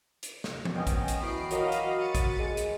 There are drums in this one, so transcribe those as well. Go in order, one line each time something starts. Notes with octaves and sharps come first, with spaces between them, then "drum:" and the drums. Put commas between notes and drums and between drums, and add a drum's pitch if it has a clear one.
drum: hi-hat
drum: snare
drum: tom E3
B3 C#4 D#5 G5 G#5
drum: kick A1, hi-hat
drum: hi-hat
E3 F#4 E5 A#5 B5 C7 D7
F#3 A#4 D#5 F5 D6, drum: hi-hat
drum: hi-hat
A6 C#7 D#7
drum: kick A1, hi-hat
G#3
drum: hi-hat